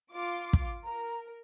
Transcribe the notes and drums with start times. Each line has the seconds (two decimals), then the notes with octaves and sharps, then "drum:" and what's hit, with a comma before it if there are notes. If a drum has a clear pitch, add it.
0.11 F4 D6
0.53 drum: kick
0.84 A#4 A#5